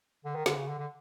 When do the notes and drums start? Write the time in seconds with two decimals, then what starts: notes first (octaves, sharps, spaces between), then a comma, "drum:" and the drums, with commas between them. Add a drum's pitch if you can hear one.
0.25 D3
0.35 D#3
0.46 D3, drum: snare
0.56 C#3
0.68 D3
0.79 D3